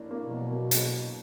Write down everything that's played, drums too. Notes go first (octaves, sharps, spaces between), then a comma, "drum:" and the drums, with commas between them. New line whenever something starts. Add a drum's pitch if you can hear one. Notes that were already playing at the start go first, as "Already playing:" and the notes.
Already playing: A2 A#3 D4
A#3
B2
F#3
A#3
drum: hi-hat